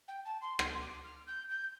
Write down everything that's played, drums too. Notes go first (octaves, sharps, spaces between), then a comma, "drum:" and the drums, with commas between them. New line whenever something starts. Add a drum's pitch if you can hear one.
G5
A5
C6
C6, drum: rim click
D6
F6
G6
G6